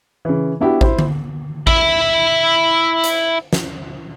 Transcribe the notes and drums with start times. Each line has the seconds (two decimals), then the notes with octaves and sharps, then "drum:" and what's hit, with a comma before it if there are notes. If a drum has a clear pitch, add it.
0.25 C#3 E3
0.60 B3 D4 E4 F#4 G4
0.81 E4 C5, drum: kick A1
0.99 drum: tom D3
1.67 E4 E5, drum: kick A1
3.04 drum: hi-hat
3.53 drum: snare